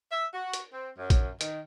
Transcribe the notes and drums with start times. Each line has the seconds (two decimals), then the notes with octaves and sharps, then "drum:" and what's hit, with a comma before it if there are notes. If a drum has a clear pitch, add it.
0.11 E5
0.34 F#4
0.53 drum: hi-hat
0.73 C4
0.97 F#2
1.10 drum: kick A#1, hi-hat
1.41 D#3, drum: hi-hat